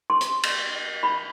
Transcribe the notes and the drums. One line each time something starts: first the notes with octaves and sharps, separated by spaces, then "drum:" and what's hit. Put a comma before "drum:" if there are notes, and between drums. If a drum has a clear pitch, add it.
C6
drum: hi-hat
drum: cymbal
B5